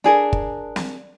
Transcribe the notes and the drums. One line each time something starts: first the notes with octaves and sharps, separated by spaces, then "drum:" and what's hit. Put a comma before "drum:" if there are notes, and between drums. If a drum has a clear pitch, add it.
D4 G#4 A#4
drum: kick
drum: snare